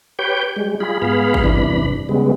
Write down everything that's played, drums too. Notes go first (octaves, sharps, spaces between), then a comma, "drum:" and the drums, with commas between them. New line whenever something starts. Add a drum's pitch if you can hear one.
G4 B4 C#5 G5 G6
G3 G#3
G3 F4 G#4 B5
G#2 B3 G#4 F5 B5
drum: kick G#1
E2 G2 C3 E3 D4 B5
C#3 G3 G#3 B3